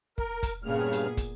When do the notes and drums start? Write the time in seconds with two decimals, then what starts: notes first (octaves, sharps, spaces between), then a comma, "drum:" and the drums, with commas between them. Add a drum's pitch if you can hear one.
0.18 A#4, drum: kick
0.43 drum: kick, hi-hat
0.64 G2 A#2 C#3 B3 G#4 F6
0.92 drum: hi-hat
1.17 drum: kick, hi-hat